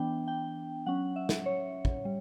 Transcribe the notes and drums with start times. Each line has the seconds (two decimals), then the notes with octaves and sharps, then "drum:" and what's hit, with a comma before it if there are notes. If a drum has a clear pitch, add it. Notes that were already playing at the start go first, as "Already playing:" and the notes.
Already playing: E3 B3 D4 G5
0.27 G5
0.86 F#3 C#4 F#5
1.16 E5
1.29 drum: snare
1.46 C#5
1.85 drum: kick
2.05 G3